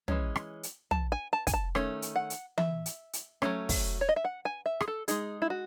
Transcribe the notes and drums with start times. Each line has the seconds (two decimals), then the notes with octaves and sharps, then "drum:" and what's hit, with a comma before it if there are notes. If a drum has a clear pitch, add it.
0.08 E3 G#3 C#4, drum: tom
0.36 drum: rim click
0.63 drum: hi-hat
0.91 A5, drum: tom
1.12 G#5
1.33 A5
1.47 G#5, drum: kick, hi-hat
1.54 A5
1.75 D#3 A3 C#4, drum: rim click
2.02 drum: hi-hat
2.16 F#5
2.30 drum: hi-hat
2.58 E5, drum: tom E3
2.86 drum: hi-hat
3.13 drum: hi-hat
3.42 F#3 A3 C#4, drum: rim click
3.69 drum: kick, open hi-hat
4.01 C#5
4.09 D#5
4.16 E5
4.25 F#5
4.45 G#5
4.66 E5
4.80 G#4, drum: rim click
4.88 A4
5.08 G#3 D#4 G#4, drum: hi-hat
5.42 E4
5.50 F#4